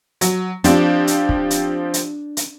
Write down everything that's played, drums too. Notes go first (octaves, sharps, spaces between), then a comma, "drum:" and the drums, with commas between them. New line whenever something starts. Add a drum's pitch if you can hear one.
F#3, drum: hi-hat
F3 C4 D4 G4, drum: hi-hat
drum: hi-hat
drum: kick
drum: hi-hat
drum: hi-hat
drum: hi-hat